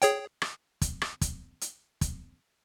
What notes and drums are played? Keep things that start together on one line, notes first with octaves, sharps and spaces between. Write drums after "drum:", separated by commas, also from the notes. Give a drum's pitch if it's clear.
G#4 C#5 G5, drum: hi-hat
drum: rim click
drum: kick, hi-hat
drum: rim click
drum: kick, hi-hat
drum: hi-hat
drum: kick, hi-hat